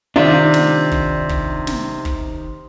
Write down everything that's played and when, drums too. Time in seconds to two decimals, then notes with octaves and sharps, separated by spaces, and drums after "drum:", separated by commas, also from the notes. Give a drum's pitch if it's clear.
0.16 C3 D#3 D4 F4
0.54 drum: snare
0.91 drum: kick
1.29 drum: kick
1.67 drum: snare
2.05 drum: kick